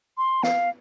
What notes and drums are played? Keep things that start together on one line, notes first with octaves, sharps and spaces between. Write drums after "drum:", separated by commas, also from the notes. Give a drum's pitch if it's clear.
C6
F5, drum: snare